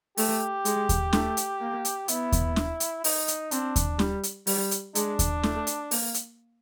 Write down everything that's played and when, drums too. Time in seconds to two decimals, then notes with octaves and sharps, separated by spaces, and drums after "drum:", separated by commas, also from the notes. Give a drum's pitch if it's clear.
0.17 A3 G4, drum: open hi-hat
0.65 G#3, drum: hi-hat
0.89 drum: kick D#2, hi-hat
1.13 A3, drum: snare
1.37 drum: hi-hat
1.61 A#3
1.85 drum: hi-hat
2.08 B3 E4, drum: hi-hat
2.32 drum: kick D#2, hi-hat
2.56 drum: snare
2.80 drum: hi-hat
3.04 D#4, drum: open hi-hat
3.28 drum: hi-hat
3.51 C4 D4, drum: hi-hat
3.76 drum: kick D#2, hi-hat
3.99 G3, drum: snare
4.23 drum: hi-hat
4.47 G3, drum: open hi-hat
4.71 drum: hi-hat
4.95 G#3 D4, drum: hi-hat
5.19 drum: kick D#2, hi-hat
5.43 A3, drum: snare
5.67 drum: hi-hat
5.91 A#3, drum: open hi-hat
6.14 drum: hi-hat